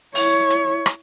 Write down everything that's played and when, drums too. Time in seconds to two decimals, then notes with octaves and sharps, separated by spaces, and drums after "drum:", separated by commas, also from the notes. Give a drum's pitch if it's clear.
0.15 E4 C#5, drum: open hi-hat
0.50 drum: hi-hat
0.86 drum: rim click